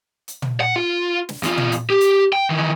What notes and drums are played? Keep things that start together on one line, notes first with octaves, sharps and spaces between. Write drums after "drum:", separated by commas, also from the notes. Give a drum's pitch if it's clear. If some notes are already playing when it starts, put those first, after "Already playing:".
drum: hi-hat
drum: tom
F#5
F4
drum: snare
E2 F4, drum: hi-hat
drum: tom
drum: hi-hat
G4
drum: hi-hat
G5
D#3 E3